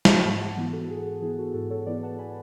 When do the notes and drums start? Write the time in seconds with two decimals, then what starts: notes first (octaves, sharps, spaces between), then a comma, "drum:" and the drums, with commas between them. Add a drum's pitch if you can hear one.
0.05 drum: snare
0.24 G#2 A5 C#6
0.41 F#5 A5
0.57 E3 B3 E4
0.73 F#4 A4
0.90 G#2 G#4
1.06 G#4
1.21 E3 B3 E4 G#4
1.39 F#4 A4
1.54 G#2 F#4 A4
1.70 A4 C#5
1.86 E3 B3 E4 B4 D5
2.03 F#5 A5
2.19 G#5 B5